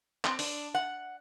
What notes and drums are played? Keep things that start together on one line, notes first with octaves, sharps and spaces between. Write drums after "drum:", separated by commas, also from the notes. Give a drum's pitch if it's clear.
C4, drum: clap
D4, drum: open hi-hat
F#5